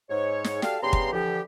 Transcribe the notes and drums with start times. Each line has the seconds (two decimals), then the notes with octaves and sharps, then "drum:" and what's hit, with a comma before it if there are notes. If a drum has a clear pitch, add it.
0.10 G#2 C#5
0.44 drum: snare
0.62 F#4 G4 A4 D5 F5, drum: snare
0.82 G2 C#3 B3 G4 A#5 C6
0.93 drum: kick
1.13 D3 E3 F3 G4